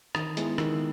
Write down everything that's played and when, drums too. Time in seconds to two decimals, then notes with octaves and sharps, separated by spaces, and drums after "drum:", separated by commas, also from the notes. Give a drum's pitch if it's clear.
0.15 D#3 D#6, drum: rim click
0.37 G#3 B3 E4, drum: hi-hat
0.58 D#3 E6, drum: rim click